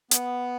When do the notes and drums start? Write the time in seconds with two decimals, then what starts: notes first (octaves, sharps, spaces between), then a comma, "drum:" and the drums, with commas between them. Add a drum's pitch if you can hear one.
0.11 B3, drum: hi-hat